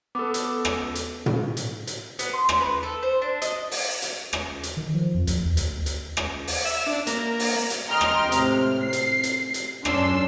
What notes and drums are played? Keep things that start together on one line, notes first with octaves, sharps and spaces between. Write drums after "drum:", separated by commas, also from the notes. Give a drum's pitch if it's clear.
B3 A4 D6
drum: hi-hat
drum: rim click
drum: hi-hat
drum: tom
drum: hi-hat
drum: hi-hat
B3, drum: hi-hat
C6
drum: rim click
B4
A4
C5
D4
D#5, drum: hi-hat
drum: open hi-hat
drum: hi-hat
drum: rim click
drum: hi-hat
D#3
F3
F2
D2, drum: hi-hat
E2
D2, drum: hi-hat
drum: hi-hat
drum: rim click
drum: open hi-hat
E5
D4
A#3, drum: hi-hat
drum: open hi-hat
drum: hi-hat
D#5 G5 A#5 C6 F6
drum: rim click
A2 C3 F6, drum: hi-hat
C7
drum: hi-hat
drum: hi-hat
drum: hi-hat
F#2 C#4 D4 C6 E6 C7, drum: rim click